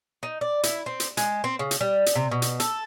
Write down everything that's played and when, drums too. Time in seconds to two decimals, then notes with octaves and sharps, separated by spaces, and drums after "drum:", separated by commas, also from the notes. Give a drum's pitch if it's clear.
0.23 D#4
0.41 D5
0.63 E4, drum: hi-hat
0.86 C4
1.00 drum: hi-hat
1.17 G#3, drum: hi-hat
1.44 C4
1.59 C#3
1.71 drum: hi-hat
1.81 G3
2.06 drum: hi-hat
2.15 C3
2.31 B2
2.42 drum: hi-hat
2.60 A4, drum: hi-hat